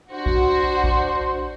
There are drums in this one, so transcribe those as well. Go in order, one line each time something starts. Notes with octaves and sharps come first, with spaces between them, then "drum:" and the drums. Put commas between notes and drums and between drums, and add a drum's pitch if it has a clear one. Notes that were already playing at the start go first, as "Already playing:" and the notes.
D4 F#4 C5
drum: kick A#1
drum: kick A#1